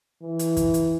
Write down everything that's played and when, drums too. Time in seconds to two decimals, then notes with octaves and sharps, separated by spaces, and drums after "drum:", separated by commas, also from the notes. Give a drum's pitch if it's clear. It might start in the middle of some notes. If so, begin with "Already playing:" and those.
0.22 E3
0.39 drum: hi-hat
0.57 drum: kick, hi-hat
0.74 drum: hi-hat